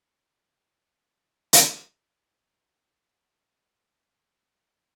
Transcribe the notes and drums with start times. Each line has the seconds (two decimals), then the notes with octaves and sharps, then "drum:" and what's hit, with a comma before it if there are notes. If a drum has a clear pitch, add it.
0.02 D#4
1.09 E4
1.53 drum: hi-hat
2.15 E4
2.23 D#4
2.31 C#4
2.38 D#4
2.67 F#3
2.80 G#3
2.93 A3
3.08 B3
3.22 C#4